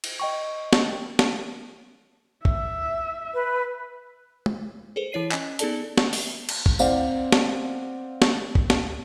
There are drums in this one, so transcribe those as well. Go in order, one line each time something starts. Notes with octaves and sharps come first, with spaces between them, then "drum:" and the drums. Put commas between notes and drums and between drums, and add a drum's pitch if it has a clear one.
drum: cymbal
D#5 G5 C#6
drum: snare
drum: snare
E5, drum: kick
B4
drum: tom
G#4 A4 B4 C5
E3 E4 C#5 C7 D#7
C#4 D#5 G#5, drum: clap
B3 D#4 G#4 A4 D5 A5, drum: hi-hat
drum: snare
drum: open hi-hat
drum: cymbal
drum: kick
C4 D5 F5 F#5, drum: tambourine
drum: snare
drum: snare
drum: kick
drum: snare